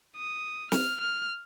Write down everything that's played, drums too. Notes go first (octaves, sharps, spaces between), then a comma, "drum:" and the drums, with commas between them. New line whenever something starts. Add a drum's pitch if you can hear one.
D#6
F6, drum: snare
F6